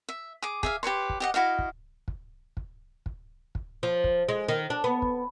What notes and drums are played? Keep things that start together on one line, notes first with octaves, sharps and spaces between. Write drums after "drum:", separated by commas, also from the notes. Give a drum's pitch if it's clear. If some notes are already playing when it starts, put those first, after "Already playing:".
E5
G#4 D6
G#4 E5 F5, drum: kick
G4 B4 C#5 C6
drum: kick
G4 D#5 F#5
E4 F#4 D#5 F5
drum: kick
drum: kick
drum: kick
drum: kick
drum: kick
F3
drum: kick
G#3
D#3
D4
B3
drum: kick